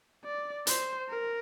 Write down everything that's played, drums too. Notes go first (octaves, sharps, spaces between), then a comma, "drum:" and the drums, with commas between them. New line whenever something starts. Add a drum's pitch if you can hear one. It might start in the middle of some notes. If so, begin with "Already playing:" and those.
D5
C5, drum: hi-hat
A#4